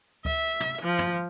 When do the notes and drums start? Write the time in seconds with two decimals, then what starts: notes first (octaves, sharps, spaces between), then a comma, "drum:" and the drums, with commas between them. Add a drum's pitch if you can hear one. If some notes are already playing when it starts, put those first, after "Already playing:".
0.25 E5, drum: kick D2
0.60 drum: tom
0.80 F3
0.99 drum: tom